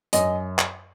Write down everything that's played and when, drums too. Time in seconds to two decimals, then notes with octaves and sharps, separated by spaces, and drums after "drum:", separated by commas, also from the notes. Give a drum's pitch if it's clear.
0.13 F#2 D#5, drum: hi-hat
0.59 drum: clap